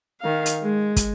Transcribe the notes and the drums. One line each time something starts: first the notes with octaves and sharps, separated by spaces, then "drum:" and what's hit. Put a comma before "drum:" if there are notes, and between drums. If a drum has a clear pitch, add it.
D#3 F5
drum: hi-hat
G#3
drum: kick, hi-hat